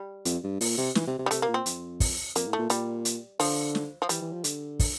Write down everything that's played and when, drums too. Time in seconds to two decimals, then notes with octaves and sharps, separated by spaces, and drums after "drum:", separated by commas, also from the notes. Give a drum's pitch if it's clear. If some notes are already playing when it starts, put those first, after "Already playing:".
Already playing: G3
0.25 F2, drum: hi-hat
0.44 G2
0.61 A#2, drum: open hi-hat
0.78 C3
0.95 E3, drum: snare
1.07 C3
1.19 C3
1.26 G3
1.31 C3 A3, drum: hi-hat
1.42 A#3
1.48 A#2
1.54 C4
1.66 F2, drum: hi-hat
2.00 drum: kick, open hi-hat
2.35 F2 A#3, drum: hi-hat
2.47 A2
2.53 A3
2.59 A#2
2.70 A#2 G3, drum: hi-hat
3.05 drum: hi-hat
3.39 D3 F3, drum: open hi-hat
3.75 drum: snare
4.02 F3
4.09 E3 G3, drum: hi-hat
4.21 E3
4.33 F3
4.44 D3, drum: hi-hat
4.80 drum: kick, open hi-hat